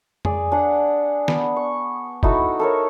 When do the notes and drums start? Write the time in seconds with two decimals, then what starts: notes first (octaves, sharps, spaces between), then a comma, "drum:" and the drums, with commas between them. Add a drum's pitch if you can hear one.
0.25 G#4 D5, drum: tom F2
0.52 D4 G#4 F#5
1.28 B3, drum: snare
1.56 C#6
2.23 D#4 E4 F#4 A4, drum: kick
2.59 A4 A#4 C#5